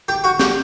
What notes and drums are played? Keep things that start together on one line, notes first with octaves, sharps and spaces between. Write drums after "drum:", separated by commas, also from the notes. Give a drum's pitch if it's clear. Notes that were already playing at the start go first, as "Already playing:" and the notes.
G4
F#4
G4, drum: snare